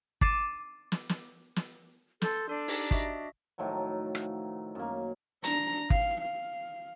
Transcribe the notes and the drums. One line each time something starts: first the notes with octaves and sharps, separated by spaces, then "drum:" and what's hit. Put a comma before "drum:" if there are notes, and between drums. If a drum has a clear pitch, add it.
D6 A6 C7 D#7 E7, drum: kick
drum: snare
drum: snare
drum: snare
A4 C6 G6, drum: snare
D4 A4
D#4 G4 A#6, drum: open hi-hat
F#4 D#5 E5, drum: kick
A2 D#3 F3 F#3
drum: rim click
F#2 A#3
D4 A#5, drum: hi-hat
F5, drum: kick
F5